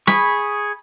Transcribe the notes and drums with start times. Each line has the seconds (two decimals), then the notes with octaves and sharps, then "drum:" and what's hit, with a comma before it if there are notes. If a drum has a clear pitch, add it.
0.07 G#4 B5 C#6, drum: snare